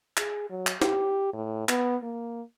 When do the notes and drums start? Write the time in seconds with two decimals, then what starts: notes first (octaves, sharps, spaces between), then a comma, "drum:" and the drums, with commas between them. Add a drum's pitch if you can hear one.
0.17 G#4, drum: clap
0.50 F#3
0.67 drum: clap
0.82 G4, drum: snare
1.33 A2
1.69 B3, drum: clap
2.03 A#3